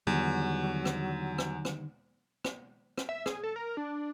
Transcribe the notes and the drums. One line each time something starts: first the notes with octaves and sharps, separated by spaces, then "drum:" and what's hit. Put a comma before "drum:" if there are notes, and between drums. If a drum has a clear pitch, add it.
E2 D3 D#3 F#3 G3
drum: rim click
drum: rim click
drum: rim click
drum: rim click
drum: rim click
E5
G#4, drum: rim click
A4
A#4
D4